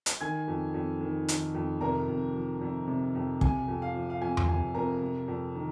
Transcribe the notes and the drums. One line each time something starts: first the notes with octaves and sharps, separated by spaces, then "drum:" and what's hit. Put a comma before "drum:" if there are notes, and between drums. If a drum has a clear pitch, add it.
drum: hi-hat
D#3 G#5 G#6
F2
F2
D#3
D#3, drum: hi-hat
F2
C3 A#4 A#5
F2
F3
F2
C3
F2
C3 G#5, drum: kick
F2
F5
F3
F5
F2 G#5
drum: tom E2
C3 G#5
F2 A#4 A#5
C3
F2
D#3